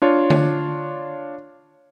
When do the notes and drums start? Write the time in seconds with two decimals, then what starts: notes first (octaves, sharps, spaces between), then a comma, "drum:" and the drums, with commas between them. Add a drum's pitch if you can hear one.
0.02 D4 F4 C#5
0.30 drum: tom D3